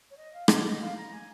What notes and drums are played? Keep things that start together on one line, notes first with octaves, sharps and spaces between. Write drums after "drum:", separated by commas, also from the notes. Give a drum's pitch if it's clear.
C#5
D#5
F5
D#5, drum: rim click
C#5
D#5
F5
A#5
G#5